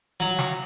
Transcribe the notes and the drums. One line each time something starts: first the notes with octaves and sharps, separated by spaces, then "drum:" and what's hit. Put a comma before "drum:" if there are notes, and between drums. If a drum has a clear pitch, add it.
F#3
drum: snare